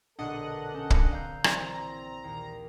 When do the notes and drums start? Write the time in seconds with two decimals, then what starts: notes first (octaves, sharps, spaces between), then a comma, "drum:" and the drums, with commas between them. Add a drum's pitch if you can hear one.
0.19 A#1 B2 D3 D4 A4 D#5 F#5
0.75 C#4 A5
0.90 drum: kick
1.12 C4 F5 A#5 G6
1.44 E3 C4 D5 A#5, drum: rim click
2.24 D#2 A#2